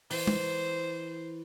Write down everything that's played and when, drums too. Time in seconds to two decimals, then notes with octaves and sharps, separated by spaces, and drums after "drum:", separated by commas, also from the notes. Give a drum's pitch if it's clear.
0.11 E3 C5, drum: open hi-hat
0.27 drum: tom